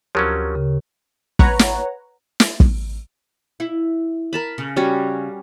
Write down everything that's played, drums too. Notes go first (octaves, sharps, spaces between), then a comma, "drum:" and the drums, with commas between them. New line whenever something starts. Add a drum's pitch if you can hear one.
D2 F3 F#3 C#4 G4 A#4 C#5
C#3
B4 C#5 F#5 A#5, drum: kick
drum: snare
drum: snare
drum: kick
E4
A#4 A5 B5
C#3
G3 C#4 F#4